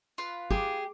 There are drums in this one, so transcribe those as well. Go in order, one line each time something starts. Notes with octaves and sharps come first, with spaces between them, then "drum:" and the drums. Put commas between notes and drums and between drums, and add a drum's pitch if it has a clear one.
F4 B4
G4 G#4, drum: kick